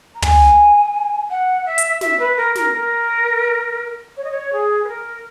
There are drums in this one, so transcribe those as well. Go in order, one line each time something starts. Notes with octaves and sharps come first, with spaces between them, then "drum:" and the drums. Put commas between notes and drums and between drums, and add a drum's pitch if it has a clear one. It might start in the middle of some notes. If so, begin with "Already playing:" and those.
A#5
G#5, drum: tom
F#5
E5
drum: hi-hat
E5, drum: snare
B4
A#4
A#4, drum: snare
A#4
C#5
D#5
C#5
G#4
B4
A#4